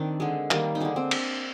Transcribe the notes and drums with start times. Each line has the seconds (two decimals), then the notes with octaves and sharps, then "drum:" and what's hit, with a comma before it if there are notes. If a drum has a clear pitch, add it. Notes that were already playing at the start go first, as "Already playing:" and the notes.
Already playing: D#3 C4 D4
0.20 D3 G#3
0.51 D#3 G3 A#3, drum: clap
0.75 D#4
0.80 D3 G#3 D4
0.96 C4
1.11 drum: cymbal